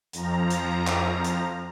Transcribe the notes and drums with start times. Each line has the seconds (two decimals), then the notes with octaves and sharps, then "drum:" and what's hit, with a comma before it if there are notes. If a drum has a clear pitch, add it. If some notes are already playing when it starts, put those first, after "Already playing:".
0.13 F2 F3 A#5, drum: hi-hat
0.50 drum: hi-hat
0.87 drum: clap
1.24 drum: hi-hat